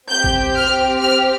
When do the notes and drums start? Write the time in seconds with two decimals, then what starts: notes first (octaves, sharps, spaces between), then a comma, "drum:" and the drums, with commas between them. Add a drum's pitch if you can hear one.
0.10 C4 G4 G6
0.24 drum: kick
0.55 F6
1.01 F6